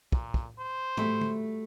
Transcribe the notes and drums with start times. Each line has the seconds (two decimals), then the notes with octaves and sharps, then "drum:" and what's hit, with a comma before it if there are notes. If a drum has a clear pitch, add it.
0.12 A#2, drum: kick
0.34 drum: kick
0.58 C5
0.97 G3 A3 F#4, drum: tom
1.21 drum: tom D3